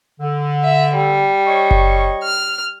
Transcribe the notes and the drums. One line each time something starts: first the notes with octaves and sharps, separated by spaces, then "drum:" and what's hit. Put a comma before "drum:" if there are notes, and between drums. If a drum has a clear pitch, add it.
D3
E5
G3
C#5 D#5 C#6
drum: kick F#1
F6